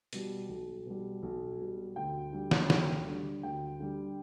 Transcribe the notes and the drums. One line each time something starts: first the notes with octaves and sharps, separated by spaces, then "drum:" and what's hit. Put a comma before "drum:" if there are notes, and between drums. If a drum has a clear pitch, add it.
B2 G3, drum: hi-hat
B1
B2 G3
B1
B2 G3
D2 G5
D3 G3
drum: snare
D2, drum: snare
D3 G3
D2 G5
D3 G3